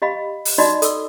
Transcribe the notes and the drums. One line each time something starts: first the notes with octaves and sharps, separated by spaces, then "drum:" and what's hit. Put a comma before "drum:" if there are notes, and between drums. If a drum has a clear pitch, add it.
G4 D#5 F5 B5
drum: open hi-hat
D#4 F#4 D5 D#5 B5
A4 E6, drum: hi-hat